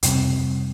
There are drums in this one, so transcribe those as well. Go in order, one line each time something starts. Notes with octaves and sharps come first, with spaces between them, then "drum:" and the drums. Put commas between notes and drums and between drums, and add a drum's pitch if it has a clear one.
F2 C3 G3 C4, drum: hi-hat